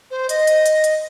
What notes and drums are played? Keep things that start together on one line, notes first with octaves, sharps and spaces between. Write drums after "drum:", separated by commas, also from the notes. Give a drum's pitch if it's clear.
C5
D#5, drum: hi-hat
drum: hi-hat
drum: hi-hat
drum: hi-hat